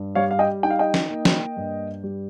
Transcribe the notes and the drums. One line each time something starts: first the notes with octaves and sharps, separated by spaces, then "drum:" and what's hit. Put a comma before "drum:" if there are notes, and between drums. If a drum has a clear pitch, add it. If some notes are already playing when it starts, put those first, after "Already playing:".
Already playing: G2
G3 C#5 F5
F5
D#5 G5
D#4 G5
F5
D#5 G5
drum: snare
A#3
drum: snare
G2
G3